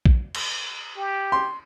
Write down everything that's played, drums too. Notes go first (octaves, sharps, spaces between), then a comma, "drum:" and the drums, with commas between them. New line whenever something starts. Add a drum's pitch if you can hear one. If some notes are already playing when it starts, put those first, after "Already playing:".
drum: kick A#1
drum: cymbal
G4
C6